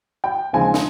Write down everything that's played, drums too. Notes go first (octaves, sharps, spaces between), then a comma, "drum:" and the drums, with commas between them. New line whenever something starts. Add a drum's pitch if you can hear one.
G5
D#2 C#3 F3 G#3 C4 G#5
drum: snare